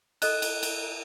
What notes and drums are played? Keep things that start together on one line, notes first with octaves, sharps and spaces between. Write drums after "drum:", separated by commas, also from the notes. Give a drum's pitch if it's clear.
A4 D#5 F#6, drum: cymbal
drum: cymbal
drum: cymbal